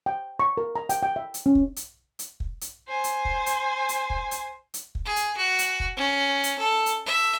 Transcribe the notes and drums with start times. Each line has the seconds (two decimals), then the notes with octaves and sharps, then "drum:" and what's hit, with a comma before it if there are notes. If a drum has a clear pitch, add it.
0.06 G5
0.40 C#6
0.57 A#4
0.76 A#5
0.89 G5, drum: hi-hat
1.03 G5
1.16 E5
1.34 drum: hi-hat
1.46 C#4
1.55 drum: kick
1.76 drum: hi-hat
2.19 drum: hi-hat
2.40 drum: kick
2.61 drum: hi-hat
2.88 C5 G#5
3.04 drum: hi-hat
3.25 drum: kick
3.46 drum: hi-hat
3.89 drum: hi-hat
4.10 drum: kick
4.31 drum: hi-hat
4.74 drum: hi-hat
4.95 drum: kick
5.05 G#4
5.16 drum: hi-hat
5.37 F#4
5.59 drum: hi-hat
5.80 drum: kick
5.97 C#4
6.44 drum: hi-hat
6.59 A4
6.86 drum: hi-hat
7.06 E5